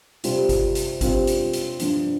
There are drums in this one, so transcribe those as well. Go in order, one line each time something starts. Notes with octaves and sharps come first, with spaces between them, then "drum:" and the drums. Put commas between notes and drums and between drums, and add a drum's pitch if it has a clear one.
C3 G3 C4 F4, drum: hi-hat
drum: kick G#1, hi-hat
drum: hi-hat
C3 G3 C4 F4, drum: kick G#1, hi-hat
drum: hi-hat
drum: hi-hat
G2 F3 D4 F4, drum: hi-hat